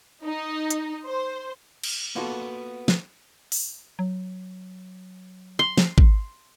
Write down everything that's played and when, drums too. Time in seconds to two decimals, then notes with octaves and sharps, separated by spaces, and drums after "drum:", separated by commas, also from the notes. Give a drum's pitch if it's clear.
0.25 D#4
0.70 drum: hi-hat
1.06 C5
1.84 drum: cymbal
2.15 A#3 B3 F4 F#4 A4
2.88 drum: snare
3.52 drum: open hi-hat
3.99 F#3
5.59 C6
5.78 drum: snare
5.98 drum: kick